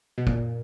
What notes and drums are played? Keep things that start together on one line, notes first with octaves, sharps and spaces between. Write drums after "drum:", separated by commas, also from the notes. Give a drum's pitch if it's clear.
B2
A#2, drum: kick